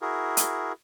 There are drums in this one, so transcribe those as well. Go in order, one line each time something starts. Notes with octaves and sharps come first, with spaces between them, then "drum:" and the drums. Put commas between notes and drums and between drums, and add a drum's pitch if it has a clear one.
E4 F#4 G#4 A#4
drum: hi-hat